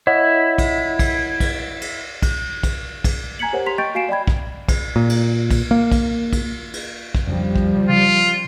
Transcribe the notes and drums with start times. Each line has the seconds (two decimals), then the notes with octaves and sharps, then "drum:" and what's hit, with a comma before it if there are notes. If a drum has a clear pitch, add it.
0.07 E4 C#5 D#5 F#5
0.58 drum: kick, cymbal
0.99 drum: kick, cymbal
1.40 drum: kick, cymbal
1.81 drum: cymbal
2.22 drum: kick, cymbal
2.63 drum: kick, cymbal
3.04 drum: kick, cymbal
3.39 G#5 A#5 G#6 B6 C#7 F#7
3.53 G4 A#4 C5 C#5 F#5
3.66 G4 A#5 C6 B6 F7
3.78 D#5 G5 C#6 G6 A6 D7
3.95 F#4 F5 G#5 C7 D7 E7
4.09 D5 D#5 G5 B5 G#6
4.27 drum: kick
4.68 drum: kick, cymbal
4.96 A#2
5.10 drum: cymbal
5.51 drum: kick, cymbal
5.71 A#3
5.92 drum: kick, cymbal
6.33 drum: kick, cymbal
6.74 drum: cymbal
7.15 drum: kick
7.27 F2 C#3 F3 G3 D4
7.56 drum: kick
7.89 C#3 F4